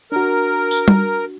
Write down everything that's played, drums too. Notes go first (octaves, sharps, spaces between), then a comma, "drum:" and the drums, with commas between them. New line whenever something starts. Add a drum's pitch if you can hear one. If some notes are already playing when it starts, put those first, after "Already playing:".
D4 F#4 A#4
drum: tambourine
drum: tom G3